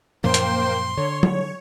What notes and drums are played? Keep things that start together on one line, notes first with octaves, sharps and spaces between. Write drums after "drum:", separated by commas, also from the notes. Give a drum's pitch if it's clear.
F#2 A#2 F3 A#3 C5 G5 C6
drum: hi-hat
D3 C#5
drum: tom F#3